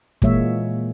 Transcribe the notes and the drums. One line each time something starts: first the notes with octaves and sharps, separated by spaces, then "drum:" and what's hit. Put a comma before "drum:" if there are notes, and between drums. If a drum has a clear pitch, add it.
A#2 E3 G#3 A#3 C#5 E5, drum: kick